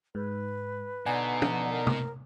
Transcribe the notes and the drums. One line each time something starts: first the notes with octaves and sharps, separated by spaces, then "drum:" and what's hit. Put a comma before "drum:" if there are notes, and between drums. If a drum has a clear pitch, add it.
G#2 B4
B2 D3 D#4 D5 F#5 G#5
drum: tom
A#4
drum: tom